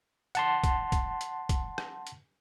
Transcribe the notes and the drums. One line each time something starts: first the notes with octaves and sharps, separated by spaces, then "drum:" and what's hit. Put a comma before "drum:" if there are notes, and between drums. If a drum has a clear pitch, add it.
F#5 A5 C6, drum: hi-hat
drum: kick, hi-hat
drum: kick, hi-hat
drum: hi-hat
drum: kick, hi-hat
drum: rim click
drum: hi-hat